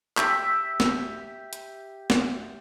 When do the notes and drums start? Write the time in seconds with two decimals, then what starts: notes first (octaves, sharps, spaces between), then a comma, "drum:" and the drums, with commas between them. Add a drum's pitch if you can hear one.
0.17 G4 E5, drum: clap
0.80 drum: snare
1.53 drum: hi-hat
2.10 drum: snare